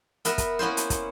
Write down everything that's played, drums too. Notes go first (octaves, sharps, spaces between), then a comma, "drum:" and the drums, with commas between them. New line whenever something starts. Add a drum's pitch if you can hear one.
B3 A#4 B4 E5, drum: hi-hat
drum: kick, hi-hat
A#3 B3 C#4 E4 C5
drum: hi-hat
drum: kick, hi-hat